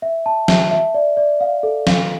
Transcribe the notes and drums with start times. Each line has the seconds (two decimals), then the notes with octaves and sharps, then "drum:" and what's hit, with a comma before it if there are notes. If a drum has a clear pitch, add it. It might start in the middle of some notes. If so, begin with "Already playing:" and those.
0.02 E5
0.26 A5
0.48 E5, drum: snare
0.71 E5
0.94 D5
1.17 D5
1.41 F5
1.63 A4
1.87 F5, drum: snare